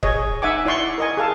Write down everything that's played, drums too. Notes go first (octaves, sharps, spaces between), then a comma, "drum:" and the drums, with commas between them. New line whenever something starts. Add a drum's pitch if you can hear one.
G#4 C#5 D#5, drum: kick C#1
D#4 E5 F#5 G#5 D6
E4 D5 F#5 C6 C#6
A#4 D#5 G#5
G#4 A4 F5 A5